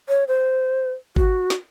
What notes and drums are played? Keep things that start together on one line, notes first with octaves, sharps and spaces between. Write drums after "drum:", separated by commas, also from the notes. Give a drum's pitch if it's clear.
C#5
C5
F#4, drum: kick G#1
drum: snare